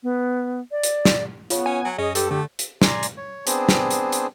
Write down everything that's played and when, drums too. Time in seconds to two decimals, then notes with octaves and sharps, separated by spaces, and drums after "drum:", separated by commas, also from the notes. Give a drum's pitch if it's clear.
0.03 B3
0.71 D5
0.84 drum: hi-hat
1.05 drum: snare
1.50 C#3 B3 F4 C#5, drum: hi-hat
1.66 C#4 G#5
1.85 F#3
1.98 F#2 C#4 G#4 D#5
2.15 G2 G4 A4, drum: hi-hat
2.31 D3 A3 G4
2.59 drum: hi-hat
2.82 D5 G#5 A#5 C6, drum: snare
3.03 drum: hi-hat
3.17 C#5
3.47 B3 C4 D4 G#4 C5, drum: hi-hat
3.69 drum: snare
3.91 drum: hi-hat
4.12 drum: hi-hat